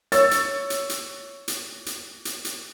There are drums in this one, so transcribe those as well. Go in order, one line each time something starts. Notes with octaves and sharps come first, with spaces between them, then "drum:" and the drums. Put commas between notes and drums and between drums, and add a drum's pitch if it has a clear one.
C#5 E6 A6, drum: hi-hat
drum: hi-hat
drum: hi-hat
drum: hi-hat
drum: hi-hat
drum: hi-hat
drum: hi-hat
drum: hi-hat